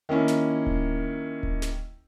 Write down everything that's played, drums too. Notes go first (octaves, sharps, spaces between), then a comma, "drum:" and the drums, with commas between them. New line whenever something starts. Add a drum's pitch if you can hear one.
D#3 A#3 C#4 E4
drum: snare
drum: kick D1
drum: kick D1
drum: snare